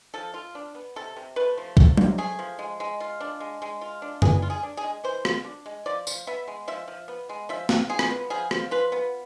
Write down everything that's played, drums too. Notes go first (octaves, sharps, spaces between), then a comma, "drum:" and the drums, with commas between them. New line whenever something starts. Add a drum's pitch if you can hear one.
F3 A4
F4
D4
B3
C3 A4
C3
A3 B4
F3
C3 A4, drum: kick C2
C3, drum: tom F#3
A3 G#4
F3
G#3
G#3
F4
D4
G#3
G#3
F4
D4
E3 G#4, drum: tom F#2
F4
G#4
D4
G#4
G#3
E3 C5
F4, drum: rim click
D4
G#3
F3 D5
F3, drum: tambourine
B3 E5
G#3
F3 E5
F3
B3
G#3
F3 E5
F3, drum: snare
F4 G#4
drum: rim click
B3
F3 G#4
F3, drum: rim click
F4 B4
B3